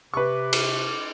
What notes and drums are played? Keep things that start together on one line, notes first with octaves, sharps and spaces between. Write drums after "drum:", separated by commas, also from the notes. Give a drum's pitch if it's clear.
C3 B4 C#6 D6
drum: cymbal